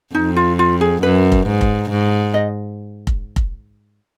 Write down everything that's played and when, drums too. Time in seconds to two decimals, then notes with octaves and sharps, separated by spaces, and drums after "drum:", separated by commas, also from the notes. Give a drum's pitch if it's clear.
0.15 F2 D#4
0.36 F4
0.59 F4
0.81 G#4
1.03 F#2 B4
1.32 drum: kick F1
1.47 G#2
1.61 drum: kick F1
1.90 G#2
2.34 D#5
3.07 drum: kick F1
3.36 drum: kick F1